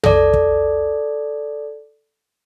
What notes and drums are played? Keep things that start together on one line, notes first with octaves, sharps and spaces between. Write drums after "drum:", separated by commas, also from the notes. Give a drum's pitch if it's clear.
A4 D5, drum: tom
drum: kick